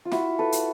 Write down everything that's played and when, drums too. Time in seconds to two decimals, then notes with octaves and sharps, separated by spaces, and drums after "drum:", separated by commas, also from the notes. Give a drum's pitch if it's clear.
0.05 F4
0.11 E4 F#4, drum: snare
0.39 A4 B4
0.52 drum: hi-hat